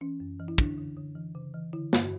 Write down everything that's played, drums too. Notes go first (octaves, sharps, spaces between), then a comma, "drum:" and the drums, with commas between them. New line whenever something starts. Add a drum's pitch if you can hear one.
E3 C#4
F#2
E3
E4
D3 D4, drum: kick
D3
D3
E3
C#3
E3
D3 E4
G2, drum: snare
F#4